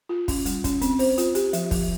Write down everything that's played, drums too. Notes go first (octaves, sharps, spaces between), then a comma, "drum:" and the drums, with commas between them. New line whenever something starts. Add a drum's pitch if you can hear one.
F4
C#4, drum: kick, open hi-hat
G3, drum: hi-hat
C#4, drum: kick, hi-hat
C4, drum: hi-hat
C5, drum: open hi-hat
F4, drum: hi-hat
G4, drum: hi-hat
F3, drum: hi-hat
F3, drum: kick, open hi-hat